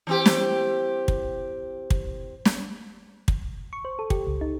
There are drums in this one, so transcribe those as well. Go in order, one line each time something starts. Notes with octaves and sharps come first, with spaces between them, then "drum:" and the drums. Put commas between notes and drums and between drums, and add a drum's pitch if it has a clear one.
E3 C4 G4
drum: snare
drum: kick
drum: kick
drum: snare
drum: kick
C#6
C5
A4
G4, drum: kick
C#2
D#4